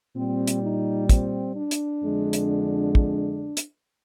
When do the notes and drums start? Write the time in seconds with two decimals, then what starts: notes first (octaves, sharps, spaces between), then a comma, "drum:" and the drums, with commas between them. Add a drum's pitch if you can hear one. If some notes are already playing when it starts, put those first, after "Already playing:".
0.16 A#2 G3 C4
0.48 drum: hi-hat
0.63 D#4
1.09 C4, drum: kick, hi-hat
1.56 D4
1.71 drum: hi-hat
2.02 F2 D3 G#3
2.33 drum: hi-hat
2.95 drum: kick
3.57 drum: hi-hat